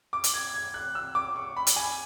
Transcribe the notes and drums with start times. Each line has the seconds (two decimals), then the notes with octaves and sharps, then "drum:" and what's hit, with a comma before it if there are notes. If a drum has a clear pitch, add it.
0.13 D6
0.24 drum: hi-hat
0.34 G#6
0.54 G#6
0.74 F#6
0.95 E6
1.15 D6
1.36 C#6
1.57 B5
1.67 drum: hi-hat
1.76 G#5